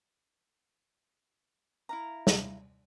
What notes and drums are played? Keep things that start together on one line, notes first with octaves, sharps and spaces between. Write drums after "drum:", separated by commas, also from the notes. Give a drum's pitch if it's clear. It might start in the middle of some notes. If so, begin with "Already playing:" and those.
E4 F5 A#5
drum: snare